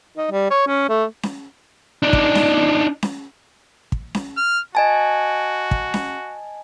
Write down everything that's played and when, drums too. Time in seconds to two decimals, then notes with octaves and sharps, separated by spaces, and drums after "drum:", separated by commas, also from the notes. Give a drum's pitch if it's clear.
0.18 D#4
0.31 G3
0.51 C#5
0.67 C#4
0.89 A3
1.23 drum: snare C#4
2.03 D4 D#4
2.13 drum: kick
2.35 drum: snare C#4
3.03 drum: snare C#4
3.92 drum: kick
4.15 drum: snare C#4
4.37 F6
4.75 F#4 D#5 G#5 A5
5.71 drum: kick
5.94 drum: snare C#4